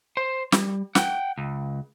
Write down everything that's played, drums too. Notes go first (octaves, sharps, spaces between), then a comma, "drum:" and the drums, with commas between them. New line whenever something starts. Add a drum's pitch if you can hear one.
C5
G3, drum: snare
F#5 G5, drum: snare
C#2